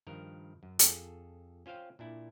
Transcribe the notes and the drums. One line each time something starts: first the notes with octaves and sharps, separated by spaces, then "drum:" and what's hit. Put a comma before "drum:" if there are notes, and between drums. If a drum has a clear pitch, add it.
G2 D#3 F3 A#4
F#2
F2 G#4 A4, drum: hi-hat
C#4 F4 C5 F5 G5
A#2 D4 E4